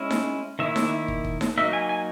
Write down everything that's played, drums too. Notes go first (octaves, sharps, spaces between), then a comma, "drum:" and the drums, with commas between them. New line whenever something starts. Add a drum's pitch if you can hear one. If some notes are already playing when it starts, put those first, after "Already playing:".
Already playing: G#3 C#4 E4
drum: snare D#4
D#3 A#3 E4 E5
drum: snare D#4
drum: kick
drum: kick
drum: snare D#4
F#3 A#3 D#4 E5
G#5
G#5